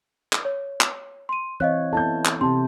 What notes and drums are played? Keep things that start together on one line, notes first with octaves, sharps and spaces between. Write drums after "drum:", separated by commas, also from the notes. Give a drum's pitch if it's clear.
drum: clap
C#5
drum: clap
C6 D#7
E3 C4 C#5 D#5 F5 F#6
B3 E4 A4 A5 G6
drum: clap
C3 A5 C6